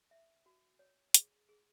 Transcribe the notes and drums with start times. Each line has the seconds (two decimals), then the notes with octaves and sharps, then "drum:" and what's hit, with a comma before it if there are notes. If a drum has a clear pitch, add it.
0.11 E5
0.46 F#4
0.79 C#5
1.14 G#4, drum: hi-hat
1.49 G#4